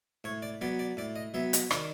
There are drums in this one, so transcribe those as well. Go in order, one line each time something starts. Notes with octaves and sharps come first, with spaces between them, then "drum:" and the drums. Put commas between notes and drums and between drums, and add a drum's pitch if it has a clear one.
A2 C#5
D5
F#3 B3 D5
D5
A2 D5
D#5
F#3 B3 E5
D#5, drum: hi-hat
D#3 D5, drum: rim click